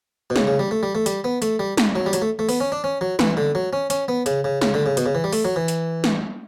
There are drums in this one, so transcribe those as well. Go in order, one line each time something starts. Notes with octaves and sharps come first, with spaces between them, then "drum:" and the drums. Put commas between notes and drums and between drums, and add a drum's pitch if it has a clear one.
B2
C#3, drum: snare
C#3
G3
A3
G3
A3
G3, drum: hi-hat
B3
A3, drum: hi-hat
G3
drum: snare
F#3
G3
F#3, drum: hi-hat
A3
A3
B3, drum: open hi-hat
C#4
D4
C#4
F#3
E3, drum: snare
D3
F#3
C#4
C#4, drum: hi-hat
B3
C#3, drum: hi-hat
C#3
C#3, drum: snare
D3
C#3
B2, drum: hi-hat
C#3
E3
G3
A3, drum: open hi-hat
F#3
E3
drum: hi-hat
drum: snare